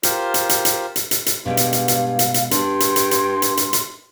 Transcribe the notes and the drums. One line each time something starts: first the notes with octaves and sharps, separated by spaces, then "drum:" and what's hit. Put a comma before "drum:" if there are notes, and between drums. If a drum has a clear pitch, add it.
F4 G4 A#4 C5, drum: hi-hat
drum: hi-hat
drum: hi-hat
drum: hi-hat
drum: hi-hat
drum: hi-hat
drum: hi-hat
G2 B2 G#3 F5 G5
drum: hi-hat
drum: hi-hat
drum: hi-hat
drum: hi-hat
drum: hi-hat
G2 D4 C6, drum: hi-hat
drum: hi-hat
drum: hi-hat
drum: hi-hat
drum: hi-hat
drum: hi-hat
drum: hi-hat